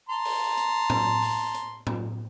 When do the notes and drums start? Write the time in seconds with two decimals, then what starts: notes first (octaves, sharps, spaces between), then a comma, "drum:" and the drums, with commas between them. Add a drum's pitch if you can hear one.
0.09 A5 A#5 C6
0.25 drum: open hi-hat
0.57 drum: hi-hat
0.90 drum: tom A2
1.22 drum: open hi-hat
1.54 drum: hi-hat
1.87 drum: tom A2